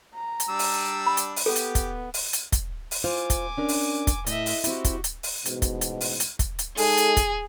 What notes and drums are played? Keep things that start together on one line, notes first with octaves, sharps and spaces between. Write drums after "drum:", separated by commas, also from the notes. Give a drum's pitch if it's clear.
A#5
drum: hi-hat
G3 D4 E6
drum: open hi-hat
B5
drum: hi-hat
drum: open hi-hat
B3 G4 A4
drum: hi-hat
drum: kick, hi-hat
drum: open hi-hat
drum: hi-hat
drum: kick, hi-hat
drum: open hi-hat
F4 C5 F5 G#5 D6
drum: kick, hi-hat
C#4 D4 A#4
drum: open hi-hat
drum: kick, hi-hat
A2 D#5 E5, drum: hi-hat
drum: open hi-hat
C4 E4 F#4 G4, drum: hi-hat
drum: kick, hi-hat
drum: hi-hat
drum: open hi-hat
A1 G#2 B2, drum: hi-hat
drum: kick, hi-hat
drum: hi-hat
drum: open hi-hat
drum: hi-hat
drum: kick, hi-hat
drum: hi-hat
G#3 D#4 G#4 A4, drum: open hi-hat
drum: hi-hat
drum: kick, hi-hat